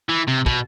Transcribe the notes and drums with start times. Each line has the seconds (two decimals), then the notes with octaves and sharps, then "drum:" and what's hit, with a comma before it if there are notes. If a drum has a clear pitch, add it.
0.09 E3
0.28 C3
0.46 B2, drum: kick